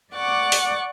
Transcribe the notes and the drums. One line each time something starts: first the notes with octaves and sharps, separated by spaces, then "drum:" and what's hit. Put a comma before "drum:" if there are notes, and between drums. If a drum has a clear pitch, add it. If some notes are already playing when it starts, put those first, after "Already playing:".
D5 F#5 C#6 D6
drum: open hi-hat